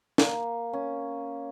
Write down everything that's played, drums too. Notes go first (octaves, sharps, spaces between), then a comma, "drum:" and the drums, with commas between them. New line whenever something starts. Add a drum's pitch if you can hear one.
A#3, drum: snare
C#4